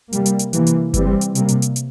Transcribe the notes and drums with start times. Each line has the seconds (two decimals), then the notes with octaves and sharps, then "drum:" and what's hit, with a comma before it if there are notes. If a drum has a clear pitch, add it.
0.13 C3 G3 A#3, drum: hi-hat
0.26 drum: hi-hat
0.39 drum: hi-hat
0.53 C3 E3 A#3, drum: hi-hat
0.67 drum: hi-hat
0.94 E3 G3 C4, drum: kick G1, hi-hat
1.21 drum: hi-hat
1.35 C3 G3 A#3, drum: hi-hat
1.48 drum: hi-hat
1.62 drum: hi-hat
1.76 drum: hi-hat